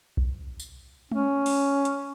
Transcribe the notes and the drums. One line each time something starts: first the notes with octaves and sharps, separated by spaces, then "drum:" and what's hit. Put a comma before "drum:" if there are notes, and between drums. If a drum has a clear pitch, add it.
drum: kick B1
drum: tambourine
C#4, drum: tom G#3
drum: open hi-hat
drum: hi-hat